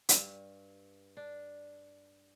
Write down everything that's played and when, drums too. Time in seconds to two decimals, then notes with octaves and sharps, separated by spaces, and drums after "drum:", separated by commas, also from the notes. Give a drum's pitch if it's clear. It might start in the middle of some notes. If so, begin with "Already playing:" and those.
0.09 G2, drum: hi-hat
1.17 D4